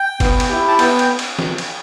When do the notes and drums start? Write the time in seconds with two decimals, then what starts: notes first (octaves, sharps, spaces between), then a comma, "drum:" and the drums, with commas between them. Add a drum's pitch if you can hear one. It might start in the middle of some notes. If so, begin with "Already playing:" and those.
Already playing: G5
0.20 B3, drum: kick, cymbal
0.40 drum: cymbal
0.49 E4 G4
0.68 A5
0.79 B3 G5, drum: cymbal
0.99 drum: cymbal
1.19 drum: cymbal
1.39 drum: snare
1.58 drum: cymbal